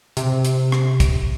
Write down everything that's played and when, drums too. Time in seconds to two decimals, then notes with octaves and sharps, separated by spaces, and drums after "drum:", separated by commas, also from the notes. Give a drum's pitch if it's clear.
0.17 C3, drum: hi-hat
0.45 drum: hi-hat
0.72 drum: rim click
1.00 drum: kick, hi-hat